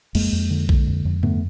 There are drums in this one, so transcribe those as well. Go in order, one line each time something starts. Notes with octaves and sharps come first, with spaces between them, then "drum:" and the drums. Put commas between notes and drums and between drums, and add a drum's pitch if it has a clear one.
F2 G#3 A#3, drum: cymbal
F2
D3
D3, drum: kick A#1
F2
F2
D3 A3 B3, drum: tom G2